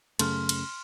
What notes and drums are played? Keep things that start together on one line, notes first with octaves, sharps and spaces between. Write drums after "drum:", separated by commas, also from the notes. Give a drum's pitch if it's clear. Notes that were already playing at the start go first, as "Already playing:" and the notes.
F#2 C#3 A3 C6 F6, drum: cymbal
drum: cymbal